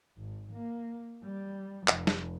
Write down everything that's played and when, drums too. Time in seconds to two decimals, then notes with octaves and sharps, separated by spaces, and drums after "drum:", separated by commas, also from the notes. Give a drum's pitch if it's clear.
0.18 G#1
0.52 A#3
1.24 G3
1.88 F1, drum: clap
2.07 drum: snare